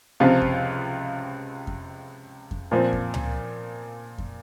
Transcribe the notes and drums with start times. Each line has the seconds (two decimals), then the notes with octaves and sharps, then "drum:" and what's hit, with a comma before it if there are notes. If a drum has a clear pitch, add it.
0.20 C#2 C3 F3 C4 F4
0.42 drum: kick F2
1.67 drum: kick F2
2.51 drum: kick F2
2.71 A#2 F3 C4
2.93 drum: kick F2
3.14 drum: tom C#2
4.18 drum: kick F2